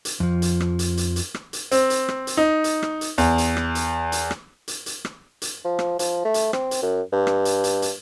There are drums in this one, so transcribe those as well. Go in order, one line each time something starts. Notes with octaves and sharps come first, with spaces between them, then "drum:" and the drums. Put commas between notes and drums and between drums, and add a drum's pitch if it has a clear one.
drum: hi-hat
F2 F3
drum: hi-hat
drum: rim click
drum: hi-hat
drum: hi-hat
drum: hi-hat
drum: rim click
drum: hi-hat
C4, drum: hi-hat
drum: hi-hat
drum: rim click
drum: hi-hat
D#4
drum: hi-hat
drum: rim click
drum: hi-hat
E2, drum: hi-hat
drum: hi-hat
drum: rim click
drum: hi-hat
drum: hi-hat
drum: rim click
drum: hi-hat
drum: hi-hat
drum: rim click
drum: hi-hat
F3
drum: rim click
F3, drum: hi-hat
A3
drum: hi-hat
C4, drum: rim click
drum: hi-hat
F#2
G2
drum: rim click
drum: hi-hat
drum: hi-hat
drum: hi-hat